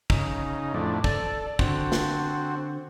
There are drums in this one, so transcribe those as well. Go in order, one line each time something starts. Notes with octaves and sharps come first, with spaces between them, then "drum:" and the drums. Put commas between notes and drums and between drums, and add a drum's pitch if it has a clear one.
C#3 D#4, drum: kick
F2 A2 D4
A4 D5, drum: kick
D3 C4 F#4, drum: kick
drum: snare